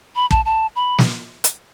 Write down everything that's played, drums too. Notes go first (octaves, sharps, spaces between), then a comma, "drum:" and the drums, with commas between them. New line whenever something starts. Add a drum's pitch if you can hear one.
B5
A5, drum: kick
A5
B5
drum: snare
drum: hi-hat